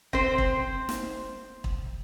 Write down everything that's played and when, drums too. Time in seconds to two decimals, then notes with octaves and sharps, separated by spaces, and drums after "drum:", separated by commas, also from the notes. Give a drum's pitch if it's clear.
0.13 C4 C5, drum: kick
0.38 drum: kick
0.89 drum: snare
1.64 drum: kick